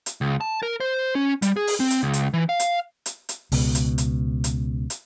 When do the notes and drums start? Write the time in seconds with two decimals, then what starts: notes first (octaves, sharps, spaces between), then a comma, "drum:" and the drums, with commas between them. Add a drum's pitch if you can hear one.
0.06 drum: hi-hat
0.21 C#2
0.41 A5
0.63 A#4
0.80 C5
1.15 C#4
1.42 G3, drum: hi-hat
1.56 G#4
1.67 drum: open hi-hat
1.80 C4
1.90 drum: hi-hat
2.03 C#2
2.13 drum: hi-hat
2.33 E3
2.49 F5
2.60 drum: hi-hat
3.06 drum: hi-hat
3.29 drum: hi-hat
3.52 C#2 B2, drum: open hi-hat
3.75 drum: hi-hat
3.98 drum: hi-hat
4.44 drum: hi-hat
4.90 drum: hi-hat